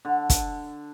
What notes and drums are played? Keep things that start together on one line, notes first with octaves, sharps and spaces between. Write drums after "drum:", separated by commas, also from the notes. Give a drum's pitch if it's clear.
D3
drum: kick, hi-hat